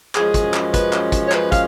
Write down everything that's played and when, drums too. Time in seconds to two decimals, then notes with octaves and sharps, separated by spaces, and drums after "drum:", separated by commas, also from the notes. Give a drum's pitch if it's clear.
0.15 F#2 F3 G#3 C#4 G#4, drum: clap
0.34 drum: kick, hi-hat
0.54 drum: clap
0.74 B4, drum: kick, hi-hat
0.93 drum: clap
1.12 drum: kick, hi-hat
1.26 C#5
1.32 B4, drum: clap
1.52 F5, drum: kick, hi-hat